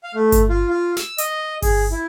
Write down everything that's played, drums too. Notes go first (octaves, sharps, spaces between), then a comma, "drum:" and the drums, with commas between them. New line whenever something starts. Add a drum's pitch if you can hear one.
F5
A3
drum: kick G1, hi-hat
F4
F4
E6, drum: snare
D#5, drum: hi-hat
G#4, drum: kick G1, open hi-hat
E4